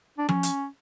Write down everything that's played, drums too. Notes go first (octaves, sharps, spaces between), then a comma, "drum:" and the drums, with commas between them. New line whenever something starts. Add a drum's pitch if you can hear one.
D4
C#4, drum: tom F3
drum: hi-hat